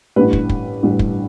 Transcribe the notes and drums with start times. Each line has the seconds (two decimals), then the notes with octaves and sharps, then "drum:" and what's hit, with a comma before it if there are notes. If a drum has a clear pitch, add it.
0.16 A1 G2 D3 G3 B4
0.33 drum: kick
0.49 drum: kick
0.83 A1 G2 D3 G3
0.99 drum: kick